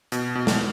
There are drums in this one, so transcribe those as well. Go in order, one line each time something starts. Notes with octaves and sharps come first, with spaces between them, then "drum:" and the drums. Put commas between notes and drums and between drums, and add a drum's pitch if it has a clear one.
B2, drum: hi-hat
B2
drum: snare